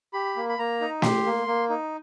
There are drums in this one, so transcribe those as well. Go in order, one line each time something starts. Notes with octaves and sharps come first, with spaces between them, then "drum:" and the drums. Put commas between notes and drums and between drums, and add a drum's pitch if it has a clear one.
G4 B5
A#3
B5
A#3 A#5
D#4
G4 C6, drum: snare
A#3
A#3
D#4